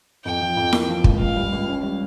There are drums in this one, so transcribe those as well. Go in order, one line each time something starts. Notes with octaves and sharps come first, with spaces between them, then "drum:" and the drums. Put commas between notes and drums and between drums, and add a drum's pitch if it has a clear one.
F2 G5
F3
F2
A#3, drum: snare E4
F3
C#2, drum: kick
C#2 F5
G3
C#2
C#4
G3